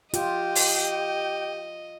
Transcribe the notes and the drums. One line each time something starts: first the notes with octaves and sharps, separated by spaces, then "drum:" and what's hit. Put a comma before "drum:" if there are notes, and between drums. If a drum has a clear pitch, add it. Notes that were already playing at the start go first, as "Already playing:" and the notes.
F4 G4 D#5, drum: hi-hat
drum: open hi-hat